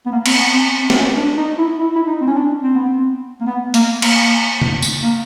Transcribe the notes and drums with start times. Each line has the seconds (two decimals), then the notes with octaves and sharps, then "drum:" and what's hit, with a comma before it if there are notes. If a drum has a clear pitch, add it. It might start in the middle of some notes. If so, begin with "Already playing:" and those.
0.06 B3
0.12 A#3
0.26 C4, drum: cymbal
0.33 B3
0.54 C4
0.74 C4
0.90 C4, drum: snare
0.96 C#4
1.17 D4
1.37 D#4
1.58 E4
1.79 E4
1.96 E4
2.07 D#4
2.20 C4
2.28 C#4
2.34 D4
2.63 C4
2.75 B3
2.87 C4
3.41 A#3
3.46 B3
3.74 A#3, drum: hi-hat
4.02 A#3, drum: cymbal
4.62 drum: tom C#3
4.82 drum: tambourine
5.03 A#3